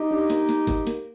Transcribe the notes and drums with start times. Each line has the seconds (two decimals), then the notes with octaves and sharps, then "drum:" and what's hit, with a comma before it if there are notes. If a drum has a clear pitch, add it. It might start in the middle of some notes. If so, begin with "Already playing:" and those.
Already playing: D#4 G4
0.11 D4
0.30 A#3, drum: hi-hat
0.49 A#3, drum: hi-hat
0.67 A#3, drum: kick, hi-hat
0.87 A#3, drum: hi-hat